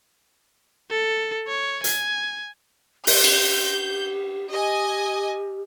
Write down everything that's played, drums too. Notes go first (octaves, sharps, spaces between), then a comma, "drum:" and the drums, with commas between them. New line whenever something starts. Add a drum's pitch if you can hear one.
A4
C#5
G#5, drum: hi-hat
G4 G6, drum: open hi-hat
drum: cymbal
G4 D#5 G#5